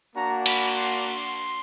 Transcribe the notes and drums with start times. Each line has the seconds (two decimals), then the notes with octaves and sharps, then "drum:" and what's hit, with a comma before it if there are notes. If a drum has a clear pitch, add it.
0.15 A#3 D4 F#4 A#5
0.46 B5, drum: cymbal
0.76 C6
1.07 C6